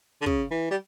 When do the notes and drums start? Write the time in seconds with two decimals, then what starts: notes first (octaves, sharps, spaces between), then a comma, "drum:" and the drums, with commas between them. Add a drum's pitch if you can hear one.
0.21 D3
0.26 C#3, drum: kick
0.51 E3
0.71 G3